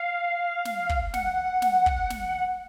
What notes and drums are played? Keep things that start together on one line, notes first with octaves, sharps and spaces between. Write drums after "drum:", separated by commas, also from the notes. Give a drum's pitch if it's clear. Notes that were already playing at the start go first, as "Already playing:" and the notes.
Already playing: F5
drum: snare
drum: kick
F#5, drum: snare
drum: snare
drum: kick
drum: snare